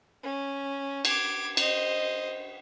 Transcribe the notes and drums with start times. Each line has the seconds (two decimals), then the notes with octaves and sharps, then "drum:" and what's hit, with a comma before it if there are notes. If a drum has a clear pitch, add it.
0.23 C#4
1.05 D6 G#6, drum: cymbal
1.57 C5 D#5, drum: cymbal